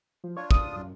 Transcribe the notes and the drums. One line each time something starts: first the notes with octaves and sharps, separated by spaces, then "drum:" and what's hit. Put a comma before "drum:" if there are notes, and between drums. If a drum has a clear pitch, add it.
F3
D4 F4 C#5
D#6, drum: kick
F#2